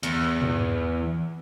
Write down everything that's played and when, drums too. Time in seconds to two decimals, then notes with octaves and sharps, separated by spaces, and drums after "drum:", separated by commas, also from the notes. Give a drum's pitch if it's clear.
0.03 E2, drum: hi-hat
0.41 drum: tom